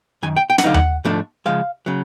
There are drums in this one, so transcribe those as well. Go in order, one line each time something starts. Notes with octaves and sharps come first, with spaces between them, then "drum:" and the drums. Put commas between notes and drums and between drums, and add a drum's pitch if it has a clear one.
F#2 D#3 G#5
G5
G5
F#5, drum: snare
D2 D3 F#3 D#4 F5
F#5, drum: tom D#2
G#2 F3 A3 D4
C#3 F3 G#3 F5
C#3 F#3